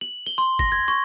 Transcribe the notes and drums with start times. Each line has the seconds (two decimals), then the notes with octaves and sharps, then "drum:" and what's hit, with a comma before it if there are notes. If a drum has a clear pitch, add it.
0.01 F#7
0.26 G7
0.38 C6
0.59 A#6, drum: kick
0.72 G#6
0.88 C#6